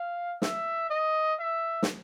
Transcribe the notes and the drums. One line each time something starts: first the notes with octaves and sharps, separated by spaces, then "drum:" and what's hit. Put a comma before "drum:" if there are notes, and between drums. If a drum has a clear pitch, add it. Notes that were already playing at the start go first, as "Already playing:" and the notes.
Already playing: F5
E5, drum: snare
D#5
E5
drum: snare